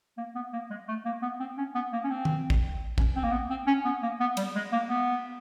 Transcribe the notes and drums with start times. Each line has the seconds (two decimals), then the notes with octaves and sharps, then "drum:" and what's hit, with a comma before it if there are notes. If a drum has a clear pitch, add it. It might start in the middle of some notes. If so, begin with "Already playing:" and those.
0.17 A#3
0.35 B3
0.53 A#3
0.70 G#3
0.88 A3
1.05 A#3
1.22 B3
1.40 C4
1.58 C#4
1.75 B3
1.93 A#3
2.04 C#4
2.10 C4
2.25 drum: tom D#3
2.50 drum: kick A1
2.98 C#4, drum: kick A1
3.16 C4
3.24 A#3
3.32 B3
3.50 C4
3.67 C#4
3.85 B3
4.02 A#3
4.20 B3
4.37 G3, drum: cymbal
4.56 G#3
4.72 A#3
4.89 B3